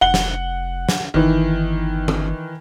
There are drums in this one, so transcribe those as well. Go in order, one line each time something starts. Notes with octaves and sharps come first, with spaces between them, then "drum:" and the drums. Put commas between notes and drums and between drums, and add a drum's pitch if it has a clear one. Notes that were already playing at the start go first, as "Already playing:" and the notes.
F1 F#5 G7
drum: snare
drum: snare
G1 D#3 E3
drum: tom D#3